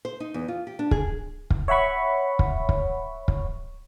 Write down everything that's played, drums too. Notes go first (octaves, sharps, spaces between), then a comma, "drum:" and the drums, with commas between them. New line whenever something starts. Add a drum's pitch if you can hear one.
C5
D#4
E2
F4
G4
D4
G#4, drum: kick
drum: kick
C#5 E5 F#5 B5 C#6
drum: kick
drum: kick
drum: kick